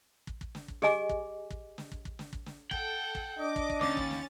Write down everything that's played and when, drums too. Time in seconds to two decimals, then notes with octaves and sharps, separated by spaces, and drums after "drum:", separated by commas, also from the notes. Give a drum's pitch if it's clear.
0.27 drum: kick
0.41 drum: kick
0.55 drum: snare
0.68 drum: kick
0.82 G4 G#4 D#5 G#5 D6, drum: snare
1.09 drum: kick
1.50 drum: kick
1.78 drum: snare
1.92 drum: kick
2.05 drum: kick
2.19 drum: snare
2.33 drum: kick
2.46 drum: snare
2.71 A4 F#5 G5, drum: kick
3.15 drum: kick
3.39 D4 D#5 D6
3.56 drum: kick
3.70 drum: kick
3.81 D#2 C#4 D6 A6, drum: snare
3.97 drum: kick
4.11 drum: snare